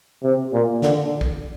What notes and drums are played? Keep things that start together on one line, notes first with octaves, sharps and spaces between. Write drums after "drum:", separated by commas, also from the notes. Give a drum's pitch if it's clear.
C3
A#2
D3, drum: snare
drum: kick A#1